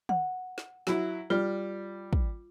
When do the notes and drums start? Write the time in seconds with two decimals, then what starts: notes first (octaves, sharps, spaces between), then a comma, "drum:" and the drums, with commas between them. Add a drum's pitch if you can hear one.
0.09 F#5, drum: tom
0.58 drum: snare
0.87 F#3 E4, drum: snare
1.30 G3 F4
2.13 drum: kick